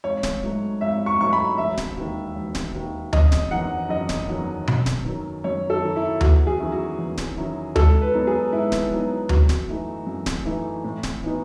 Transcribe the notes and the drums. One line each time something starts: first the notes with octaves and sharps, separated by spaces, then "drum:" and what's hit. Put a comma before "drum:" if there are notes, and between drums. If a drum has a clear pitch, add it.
G#1 C#5
drum: snare D1
G#2 F#3 A3
G#1 E5
C#6
G#2 F#3 A3 C#6
B5
E1 E5
drum: snare D1
D#2 D#3
E1
drum: snare D1
D#2 D#3
F#1 D#5, drum: tom D2
drum: snare D1
E2 D#3 F#3 F#5
F#1 D#5
drum: snare D1
E2 D#3 F#3
F#2, drum: tom B2
drum: snare D1
D#3 F#3
F#2 C#5
A4
D#3 F#3
E4
E2 F#4, drum: tom D2
G#4
D#3 F#3 C#4 E4
F#4
E2
drum: snare D1
D#3 F#3 C#4 E4
G#2 A4, drum: tom D2
B4
F#3 B3 D#4
G#4
G#2 E4
drum: snare D1
F#3 B3 D#4
F#2 F#4, drum: tom D2
drum: snare D1
E3 A3 D#4
F#2
drum: snare D1
E3 A3 D#4
A2
drum: snare D1
E3 B3 D#4